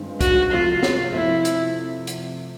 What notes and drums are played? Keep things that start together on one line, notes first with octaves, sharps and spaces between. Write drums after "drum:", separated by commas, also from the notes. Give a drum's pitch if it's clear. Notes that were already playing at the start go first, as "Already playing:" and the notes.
Already playing: G2 D#3 G#3 C4 F4
F#4, drum: kick, hi-hat
C3 F3 A3 C4 F4
drum: snare
C3 F3 A3 E4
drum: hi-hat
drum: hi-hat